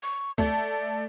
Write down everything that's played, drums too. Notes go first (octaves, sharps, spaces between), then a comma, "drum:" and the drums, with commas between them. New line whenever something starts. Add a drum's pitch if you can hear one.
C#6
A3 D5, drum: kick